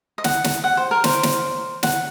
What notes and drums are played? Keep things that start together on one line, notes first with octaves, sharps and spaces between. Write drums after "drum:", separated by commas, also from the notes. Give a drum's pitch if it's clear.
D#5
F#5, drum: snare
drum: snare
F#5
C5
A#4
C5, drum: snare
drum: snare
F#5, drum: snare